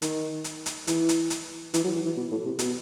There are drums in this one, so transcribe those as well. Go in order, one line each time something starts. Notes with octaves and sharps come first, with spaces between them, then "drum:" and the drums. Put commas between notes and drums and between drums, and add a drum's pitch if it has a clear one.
D#3, drum: hi-hat
drum: hi-hat
drum: hi-hat
E3, drum: hi-hat
drum: hi-hat
drum: hi-hat
E3, drum: hi-hat
F#3
E3
E3
B2
A2
C3
B2, drum: hi-hat